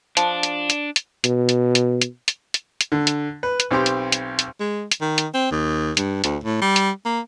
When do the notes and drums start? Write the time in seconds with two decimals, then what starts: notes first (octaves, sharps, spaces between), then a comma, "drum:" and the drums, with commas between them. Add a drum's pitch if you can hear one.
0.17 F3 D4, drum: hi-hat
0.43 drum: hi-hat
0.70 drum: hi-hat
0.96 drum: hi-hat
1.24 B2, drum: hi-hat
1.49 drum: hi-hat
1.75 drum: hi-hat
2.01 drum: hi-hat
2.28 drum: hi-hat
2.54 drum: hi-hat
2.81 drum: hi-hat
2.92 D3
3.07 drum: hi-hat
3.43 B4
3.60 drum: hi-hat
3.71 B1 C4 G4 G5
3.86 drum: hi-hat
4.12 drum: hi-hat
4.39 drum: hi-hat
4.60 G#3
4.92 drum: hi-hat
5.01 D#3
5.18 drum: hi-hat
5.34 C4
5.51 D#2
5.97 G2, drum: hi-hat
6.24 D2, drum: hi-hat
6.44 A2
6.62 G3
6.76 drum: hi-hat
7.06 A#3